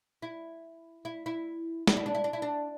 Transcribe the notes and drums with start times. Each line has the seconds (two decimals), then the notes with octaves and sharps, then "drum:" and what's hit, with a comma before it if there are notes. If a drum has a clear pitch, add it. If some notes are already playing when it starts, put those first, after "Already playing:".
0.22 E4
1.05 E4
1.26 E4
1.87 D4, drum: snare
1.97 E4
2.06 D4
2.15 E4
2.24 D4
2.33 E4
2.42 D4